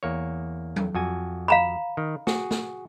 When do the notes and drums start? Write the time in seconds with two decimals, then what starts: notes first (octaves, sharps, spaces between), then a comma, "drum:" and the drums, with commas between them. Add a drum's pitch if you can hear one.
0.03 E2 A#3 C#5
0.76 drum: tom F#3
0.95 F2 F#4 G#5
1.48 F5 A#5 B5
1.97 D#3
2.27 F#4 G#4, drum: snare
2.51 drum: snare